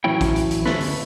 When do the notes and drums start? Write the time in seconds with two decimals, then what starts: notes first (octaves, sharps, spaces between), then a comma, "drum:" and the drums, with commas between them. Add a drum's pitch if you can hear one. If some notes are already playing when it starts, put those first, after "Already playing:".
0.04 A2 E3 F#3 C#4 E4 G5
0.21 drum: kick, hi-hat
0.36 drum: hi-hat
0.51 drum: hi-hat
0.66 D2 C#4 E4 A4 B4, drum: snare
0.80 drum: open hi-hat